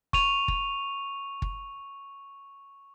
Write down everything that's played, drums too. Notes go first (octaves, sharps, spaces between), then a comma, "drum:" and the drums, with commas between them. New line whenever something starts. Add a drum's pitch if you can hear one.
C#6 D#7 F7, drum: kick
drum: kick
drum: kick